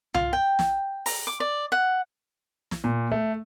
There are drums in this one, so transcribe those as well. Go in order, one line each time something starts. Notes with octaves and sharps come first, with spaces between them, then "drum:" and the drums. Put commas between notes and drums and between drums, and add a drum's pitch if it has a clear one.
F4, drum: tom C2
G5
drum: snare
A#5, drum: open hi-hat
D6
D5
F#5
drum: snare
A#2
A3